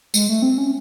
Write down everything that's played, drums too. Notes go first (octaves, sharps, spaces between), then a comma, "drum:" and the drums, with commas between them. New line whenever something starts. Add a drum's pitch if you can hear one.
G#3, drum: tambourine
A3
C4
C#4